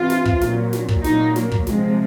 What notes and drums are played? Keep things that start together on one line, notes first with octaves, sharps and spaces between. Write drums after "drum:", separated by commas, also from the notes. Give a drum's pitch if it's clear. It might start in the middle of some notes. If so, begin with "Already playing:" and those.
Already playing: C3 E3 F4
drum: snare
drum: kick
A#2 F#3, drum: snare
drum: snare
drum: kick
A#2 F#3 D#4, drum: snare
A#3, drum: snare
drum: kick
C3 F3 G#3, drum: snare